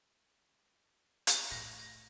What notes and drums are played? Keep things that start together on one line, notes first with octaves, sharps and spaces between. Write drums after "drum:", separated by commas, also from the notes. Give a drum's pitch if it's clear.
drum: hi-hat
A2 A#6